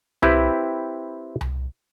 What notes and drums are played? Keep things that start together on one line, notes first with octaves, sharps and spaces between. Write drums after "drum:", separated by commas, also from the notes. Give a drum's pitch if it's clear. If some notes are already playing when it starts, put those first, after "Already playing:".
C4 E4 G4 B4, drum: tom C2
drum: tom C2